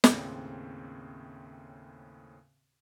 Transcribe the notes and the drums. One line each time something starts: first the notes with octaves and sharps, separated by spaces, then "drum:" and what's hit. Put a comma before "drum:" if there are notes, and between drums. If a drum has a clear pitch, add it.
D#2 A2 C#3 C4, drum: snare